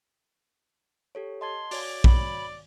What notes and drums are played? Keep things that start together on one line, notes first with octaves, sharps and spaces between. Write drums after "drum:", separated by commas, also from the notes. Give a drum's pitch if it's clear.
G4 A4 C#5
D#5 A5 C6 G#6
F#4 C#5 D5 G#6, drum: open hi-hat
B5, drum: kick A#1